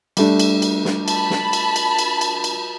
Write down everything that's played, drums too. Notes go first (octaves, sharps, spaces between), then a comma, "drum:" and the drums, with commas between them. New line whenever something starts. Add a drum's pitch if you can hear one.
G3 A3 D4, drum: cymbal
drum: cymbal
drum: cymbal
drum: snare
A5 B5, drum: cymbal
drum: snare
drum: cymbal
drum: cymbal
drum: cymbal
drum: cymbal
drum: cymbal